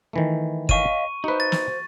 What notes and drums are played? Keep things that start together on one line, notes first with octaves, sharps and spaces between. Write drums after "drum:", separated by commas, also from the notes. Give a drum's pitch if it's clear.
D#3 E3 A3
C#5 D#5 F5 C#6 D#7, drum: kick
D#4 F#4 B4 C5
A6
drum: snare